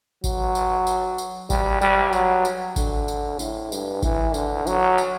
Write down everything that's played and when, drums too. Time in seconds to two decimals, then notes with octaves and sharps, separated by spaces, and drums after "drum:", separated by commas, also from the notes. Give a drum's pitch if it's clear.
0.24 F#3, drum: kick G#1, tambourine
0.55 drum: tambourine
0.87 drum: tambourine
1.18 drum: tambourine
1.50 G3, drum: kick G#1, tambourine
1.81 G3, drum: tambourine
2.13 F#3, drum: tambourine
2.45 drum: tambourine
2.76 D3, drum: kick G#1, tambourine
3.08 drum: tambourine
3.39 A2, drum: tambourine
3.72 G2, drum: tambourine
4.02 E3, drum: kick G#1, tambourine
4.34 D3, drum: tambourine
4.67 F#3, drum: tambourine
4.98 drum: tambourine